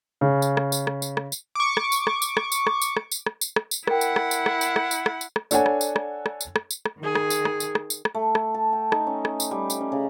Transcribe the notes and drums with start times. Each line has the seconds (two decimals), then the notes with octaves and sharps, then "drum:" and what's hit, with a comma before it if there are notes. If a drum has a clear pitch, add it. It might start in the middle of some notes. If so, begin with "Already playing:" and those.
0.21 C#3
0.42 drum: tambourine
0.57 drum: rim click
0.72 drum: tambourine
0.87 drum: rim click
1.02 drum: tambourine
1.17 drum: rim click
1.32 drum: tambourine
1.55 C#6 D6
1.77 drum: rim click
1.92 drum: tambourine
2.07 drum: rim click
2.22 drum: tambourine
2.37 drum: rim click
2.52 drum: tambourine
2.67 drum: rim click
2.82 drum: tambourine
2.97 drum: rim click
3.12 drum: tambourine
3.26 drum: rim click
3.41 drum: tambourine
3.56 drum: rim click
3.71 drum: tambourine
3.87 E4 A#4 F#5 G5, drum: rim click
4.01 drum: tambourine
4.16 drum: rim click
4.31 drum: tambourine
4.46 drum: rim click
4.61 drum: tambourine
4.76 drum: rim click
4.91 drum: tambourine
5.06 drum: rim click
5.21 drum: tambourine
5.36 drum: rim click
5.51 D4 A4 C#5 F#5 G#5, drum: tambourine
5.66 drum: rim click
5.81 drum: tambourine
5.96 drum: rim click
6.26 drum: rim click
6.41 drum: tambourine
6.56 drum: rim click
6.71 drum: tambourine
6.86 drum: rim click
7.00 D#3 G#4
7.15 drum: rim click
7.30 drum: tambourine
7.45 drum: rim click
7.60 drum: tambourine
7.75 drum: rim click
7.90 drum: tambourine
8.05 drum: rim click
8.15 A3
8.35 drum: rim click
8.54 A5
8.73 G5
8.92 D#4, drum: rim click
9.07 C#4
9.25 drum: rim click
9.40 drum: tambourine
9.51 G3
9.70 drum: tambourine
9.81 C#4
9.92 C#3